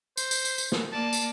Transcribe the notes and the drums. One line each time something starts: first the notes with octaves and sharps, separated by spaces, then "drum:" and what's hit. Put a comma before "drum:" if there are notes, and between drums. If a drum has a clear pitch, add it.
C5, drum: tambourine
drum: tambourine
drum: tambourine
drum: tambourine
drum: snare
A#3 D5 A5
drum: tambourine